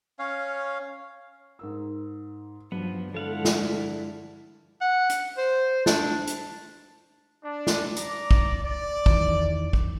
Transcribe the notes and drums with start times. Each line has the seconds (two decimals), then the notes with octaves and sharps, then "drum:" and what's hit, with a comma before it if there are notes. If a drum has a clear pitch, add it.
0.19 C#4 C#5 F5
1.59 G#2 A#4 E6
2.72 G2 F3 F#3 B3
3.14 D3 F3 G#3 E4 A4 F5 F#5
3.45 drum: snare
4.81 F#5
5.10 drum: hi-hat
5.38 C5
5.86 D4, drum: snare
6.27 drum: hi-hat
7.43 D4
7.67 drum: snare
7.96 D5 A#5 D6, drum: hi-hat
8.31 drum: kick
8.63 D5
9.06 E2 D#3 E3, drum: kick
9.73 drum: kick